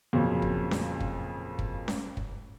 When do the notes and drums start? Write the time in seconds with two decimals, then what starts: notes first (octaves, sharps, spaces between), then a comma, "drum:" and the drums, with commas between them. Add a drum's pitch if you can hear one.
0.13 F2 A#2 C#3 F#3 C#4
0.42 drum: kick
0.71 drum: snare C#4
1.00 drum: kick
1.59 drum: kick
1.88 drum: snare C#4
2.17 drum: kick